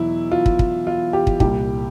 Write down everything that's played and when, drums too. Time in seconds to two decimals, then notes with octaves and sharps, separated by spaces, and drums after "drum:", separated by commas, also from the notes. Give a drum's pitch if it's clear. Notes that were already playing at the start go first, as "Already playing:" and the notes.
Already playing: E2 B2 F#3 E4
0.32 F4
0.46 drum: kick
0.59 drum: kick
0.87 F4
1.13 G4
1.27 drum: kick
1.40 C2 A#2 G3 G4, drum: kick